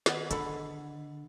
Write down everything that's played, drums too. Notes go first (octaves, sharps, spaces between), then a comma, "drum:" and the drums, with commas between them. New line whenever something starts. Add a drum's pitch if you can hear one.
D#3 B3 D#5 F#5, drum: snare
D3 A4 B5, drum: hi-hat